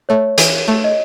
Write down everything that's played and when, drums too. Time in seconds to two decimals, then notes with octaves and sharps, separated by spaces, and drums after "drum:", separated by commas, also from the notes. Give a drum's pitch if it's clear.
0.09 A3 C#5
0.38 E3, drum: hi-hat
0.68 A3
0.84 D#5